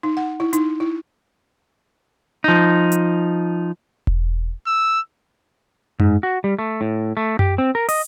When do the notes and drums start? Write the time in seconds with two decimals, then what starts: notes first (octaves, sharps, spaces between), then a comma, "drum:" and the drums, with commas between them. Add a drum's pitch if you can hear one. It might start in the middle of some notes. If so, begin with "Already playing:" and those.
0.03 D#4
0.17 F#5
0.40 E4
0.53 D#4, drum: hi-hat
0.80 E4
2.44 F3 D#4
2.92 drum: hi-hat
4.07 drum: kick E1
4.67 E6
6.00 G#2, drum: tom F#2
6.23 F#4
6.44 G3
6.59 A3
6.81 A2
7.17 A3
7.39 G4, drum: tom F#2
7.58 C4
7.75 A#4
7.89 D#5, drum: open hi-hat